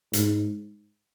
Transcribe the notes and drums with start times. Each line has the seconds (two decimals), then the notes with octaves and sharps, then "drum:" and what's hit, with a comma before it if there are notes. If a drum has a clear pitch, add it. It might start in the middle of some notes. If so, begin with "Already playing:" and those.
0.13 G#2, drum: hi-hat